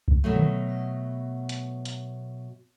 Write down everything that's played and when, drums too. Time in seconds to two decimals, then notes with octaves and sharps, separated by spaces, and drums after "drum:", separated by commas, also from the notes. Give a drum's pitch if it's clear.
0.08 drum: kick C2
0.24 B2 F#3 A3
0.36 drum: tom D3
1.49 drum: hi-hat
1.85 drum: hi-hat